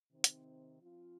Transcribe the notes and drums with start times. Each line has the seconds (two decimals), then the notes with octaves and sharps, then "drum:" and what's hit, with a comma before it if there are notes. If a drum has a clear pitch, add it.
0.10 C3 D#3 C4 D#4
0.24 drum: hi-hat
0.80 F3 C4 F4